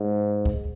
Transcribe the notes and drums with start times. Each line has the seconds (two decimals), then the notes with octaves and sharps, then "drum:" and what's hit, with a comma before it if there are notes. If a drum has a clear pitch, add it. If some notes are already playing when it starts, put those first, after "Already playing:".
Already playing: G#2
0.46 drum: kick